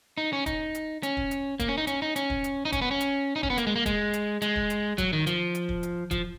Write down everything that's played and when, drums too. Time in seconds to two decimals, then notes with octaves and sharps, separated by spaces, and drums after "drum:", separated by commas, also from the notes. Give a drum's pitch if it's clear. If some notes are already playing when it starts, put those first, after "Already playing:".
0.18 D#4
0.33 C#4
0.46 D#4, drum: kick, hi-hat
0.75 drum: hi-hat
1.03 C#4, drum: hi-hat
1.17 drum: kick
1.31 drum: hi-hat
1.60 A#3, drum: kick, hi-hat
1.68 C#4
1.78 D#4
1.87 C#4, drum: hi-hat
2.02 D#4
2.16 C#4, drum: hi-hat
2.30 drum: kick
2.44 drum: hi-hat
2.65 D#4
2.73 C#4, drum: kick, hi-hat
2.82 B3
2.91 C#4
3.00 drum: hi-hat
3.36 D#4
3.43 C#4, drum: kick
3.50 B3
3.58 A#3, drum: hi-hat
3.67 G#3
3.76 A#3
3.86 G#3, drum: kick, hi-hat
4.13 drum: hi-hat
4.42 G#3, drum: hi-hat
4.56 drum: kick
4.70 drum: hi-hat
4.98 F#3, drum: kick, hi-hat
5.13 D#3
5.27 F3, drum: hi-hat
5.55 drum: hi-hat
5.69 drum: kick
5.83 drum: hi-hat
6.11 F3, drum: kick, hi-hat